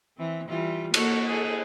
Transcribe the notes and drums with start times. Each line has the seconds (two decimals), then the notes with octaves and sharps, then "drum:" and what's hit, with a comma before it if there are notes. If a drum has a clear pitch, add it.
0.17 E3 C4
0.48 E3 G3 F4
0.94 A#3 F#4 A4, drum: cymbal
1.26 G#4 A4